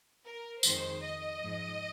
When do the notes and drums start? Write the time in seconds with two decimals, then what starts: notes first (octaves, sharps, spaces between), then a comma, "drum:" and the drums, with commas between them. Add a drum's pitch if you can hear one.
0.25 A#4
0.63 F2 D#3 G#3 C5, drum: tambourine
1.02 D#5
1.42 G#2 F3 G#3